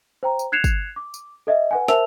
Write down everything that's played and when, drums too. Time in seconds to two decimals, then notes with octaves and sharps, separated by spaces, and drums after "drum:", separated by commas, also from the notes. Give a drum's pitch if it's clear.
0.23 C5 G5 A#5
0.39 drum: tambourine
0.52 F#6 G#6 C7 C#7 E7 F7
0.64 drum: kick, tambourine
0.96 D6
1.14 drum: tambourine
1.47 A4 D#5 E5
1.71 B4 F#5 G#5
1.88 A#4 C5 E5 A5 E6 F7, drum: snare